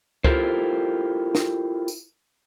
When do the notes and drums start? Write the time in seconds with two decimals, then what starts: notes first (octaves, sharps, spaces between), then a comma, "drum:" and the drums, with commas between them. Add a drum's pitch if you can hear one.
0.24 E4 F4 G4 A4 A#4 C5, drum: kick C#2
1.35 drum: snare
1.88 drum: tambourine